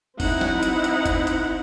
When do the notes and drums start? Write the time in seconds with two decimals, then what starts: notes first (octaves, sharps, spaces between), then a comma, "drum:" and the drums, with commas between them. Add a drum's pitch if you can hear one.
0.20 C4 D#4 E4 F#5, drum: kick, open hi-hat
0.41 drum: snare
0.63 drum: hi-hat
0.84 drum: hi-hat
1.06 drum: kick, hi-hat
1.27 drum: hi-hat